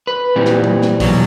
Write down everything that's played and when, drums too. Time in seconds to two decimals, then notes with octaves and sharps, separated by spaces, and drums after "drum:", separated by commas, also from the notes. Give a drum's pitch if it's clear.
0.07 B4
0.36 A#2 E3 G3 C4
0.45 drum: snare
0.64 drum: tom F#3
0.82 drum: snare
1.00 E2 B2 F#3, drum: kick, open hi-hat